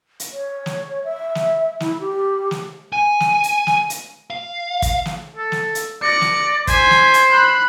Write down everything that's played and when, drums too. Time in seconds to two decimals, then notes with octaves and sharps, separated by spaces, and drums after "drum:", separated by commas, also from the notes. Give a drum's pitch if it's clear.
0.20 drum: hi-hat
0.32 C#5
0.66 drum: snare
1.04 E5
1.35 drum: snare
1.80 E4, drum: snare
2.00 G4
2.51 drum: snare
2.93 G#5
3.20 drum: snare
3.43 drum: hi-hat
3.67 drum: snare
3.90 drum: hi-hat
4.30 F5
4.82 drum: kick, hi-hat
5.05 drum: snare
5.37 A4
5.52 drum: snare
5.75 drum: hi-hat
6.02 D5 A#6 C#7
6.21 drum: snare
6.67 C5 G#5 B6, drum: kick, hi-hat
6.91 drum: snare
7.14 drum: hi-hat
7.31 B5 F#6